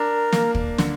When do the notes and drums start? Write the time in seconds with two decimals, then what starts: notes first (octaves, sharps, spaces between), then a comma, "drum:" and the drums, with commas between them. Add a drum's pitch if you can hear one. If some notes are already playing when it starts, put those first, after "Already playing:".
Already playing: D4 A#4
0.32 A#3, drum: snare
0.55 drum: kick
0.78 D3, drum: snare